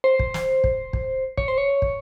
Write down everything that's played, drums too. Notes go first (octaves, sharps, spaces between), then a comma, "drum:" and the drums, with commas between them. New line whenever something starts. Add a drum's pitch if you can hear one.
C5
drum: kick
drum: snare
drum: kick
drum: kick
C#5, drum: kick
C5
C#5
drum: kick